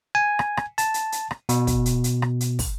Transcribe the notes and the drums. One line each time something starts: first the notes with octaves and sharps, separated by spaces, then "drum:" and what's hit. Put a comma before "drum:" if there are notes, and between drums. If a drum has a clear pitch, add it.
G#5
drum: rim click
drum: rim click
A5, drum: hi-hat
drum: hi-hat
drum: hi-hat
drum: rim click
B2, drum: hi-hat
drum: kick, hi-hat
drum: hi-hat
drum: hi-hat
drum: rim click
drum: hi-hat
drum: kick, open hi-hat